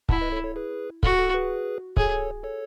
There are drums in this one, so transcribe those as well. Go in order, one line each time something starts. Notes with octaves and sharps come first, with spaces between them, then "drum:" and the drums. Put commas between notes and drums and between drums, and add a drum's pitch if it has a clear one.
E4 F#5 A5, drum: kick C#1
B4 D#5
A4 C#5
A4 C#5
G#4 B4
F#4 A4, drum: kick C#1
A4
G#4 B4
G#4 A4 C#5, drum: kick C#1
A4 C#5